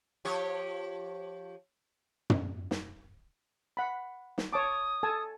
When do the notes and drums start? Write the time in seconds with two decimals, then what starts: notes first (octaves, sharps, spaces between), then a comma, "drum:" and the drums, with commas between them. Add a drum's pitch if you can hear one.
0.25 F3 G4 C#5
2.30 drum: tom
2.71 drum: snare
3.77 F#5 B5
4.38 drum: snare
4.53 C#5 A5 D6 D#6
5.03 A4 G#5 A5